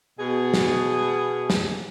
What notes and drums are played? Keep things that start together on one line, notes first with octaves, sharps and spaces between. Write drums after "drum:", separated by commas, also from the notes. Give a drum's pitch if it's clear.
B2 G#4
drum: snare
drum: snare